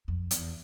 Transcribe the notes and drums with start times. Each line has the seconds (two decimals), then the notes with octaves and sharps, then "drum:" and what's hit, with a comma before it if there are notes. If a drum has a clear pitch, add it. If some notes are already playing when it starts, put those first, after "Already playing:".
0.08 F2
0.31 E2, drum: hi-hat